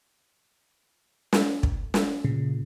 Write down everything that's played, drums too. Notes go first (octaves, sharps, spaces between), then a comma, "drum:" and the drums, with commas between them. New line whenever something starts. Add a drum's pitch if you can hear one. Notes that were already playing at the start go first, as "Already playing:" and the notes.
drum: snare
drum: kick
drum: snare
A#2 C#3